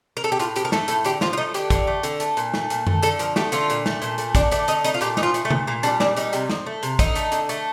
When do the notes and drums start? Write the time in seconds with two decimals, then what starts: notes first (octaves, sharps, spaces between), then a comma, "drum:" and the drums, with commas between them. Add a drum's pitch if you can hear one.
0.17 A#4
0.24 A4
0.32 G4
0.39 A2 F4, drum: hi-hat
0.56 F3 G4, drum: hi-hat
0.65 A#4
0.72 A3 A4, drum: snare
0.88 A2 A4, drum: hi-hat
1.05 D3 G4, drum: hi-hat
1.21 F3 F4, drum: snare
1.33 F4
1.37 A3 D#4
1.54 D3 G4, drum: hi-hat
1.70 D3, drum: kick, hi-hat
1.87 A3
2.03 D3, drum: hi-hat
2.20 A3, drum: hi-hat
2.37 A#2, drum: hi-hat
2.54 A3, drum: snare
2.70 A#2, drum: hi-hat
2.87 A3, drum: tom F#2
3.03 D3 A4, drum: hi-hat
3.19 F3 A#4, drum: hi-hat
3.36 A3 G4, drum: snare
3.52 D3 F4, drum: hi-hat
3.70 A#2, drum: hi-hat
3.86 A3, drum: snare
4.02 A#2, drum: hi-hat
4.18 A3, drum: hi-hat
4.35 D3 D4, drum: kick, hi-hat
4.51 A3 D4, drum: hi-hat
4.68 D3 D#4, drum: hi-hat
4.84 A3 D#4, drum: hi-hat
4.94 F4
5.01 A#2 G4, drum: hi-hat
5.17 F3 D#4, drum: snare
5.23 F4
5.34 A3, drum: hi-hat
5.45 A3
5.50 A#2, drum: tom C3
5.67 A#2 A#3
5.83 G3 D4, drum: hi-hat
6.00 A#2 D4, drum: snare
6.17 G3 D#4, drum: hi-hat
6.33 C3, drum: hi-hat
6.50 F3, drum: snare
6.66 A3
6.83 C3, drum: hi-hat
6.99 D3 D#4, drum: kick, hi-hat
7.16 A3, drum: hi-hat
7.32 D3, drum: hi-hat
7.49 A3, drum: hi-hat